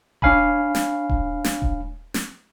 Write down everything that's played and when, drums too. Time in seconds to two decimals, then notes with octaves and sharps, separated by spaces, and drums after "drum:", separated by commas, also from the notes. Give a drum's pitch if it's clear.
0.22 D4 C#5 F5 G#5 B5, drum: kick D#1
0.75 drum: snare
1.10 drum: kick D#1
1.44 drum: snare
1.62 drum: kick D#1
2.14 drum: snare